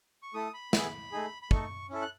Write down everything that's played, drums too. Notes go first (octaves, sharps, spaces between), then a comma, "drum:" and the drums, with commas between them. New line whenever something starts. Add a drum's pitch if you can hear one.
C#6
A3 E4 A4 D#6
B5
B3 E4 G#4, drum: snare
A3 D#4 G#4
B5
A3 D#4 A4 C#6, drum: kick
C#4 E4 A4
F#6